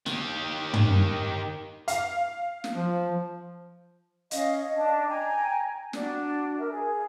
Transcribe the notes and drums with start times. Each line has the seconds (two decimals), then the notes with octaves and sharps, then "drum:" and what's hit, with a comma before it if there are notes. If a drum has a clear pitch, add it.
0.06 D#3 G4, drum: snare
0.73 drum: tom
1.88 F5, drum: hi-hat
2.64 drum: snare
2.75 F3
4.31 C#4 D#5 F5, drum: hi-hat
4.76 D4 D#5 A5
5.08 G5 G#5 A#5
5.93 D4 F#4, drum: snare
6.59 A#4 E5
6.71 G#4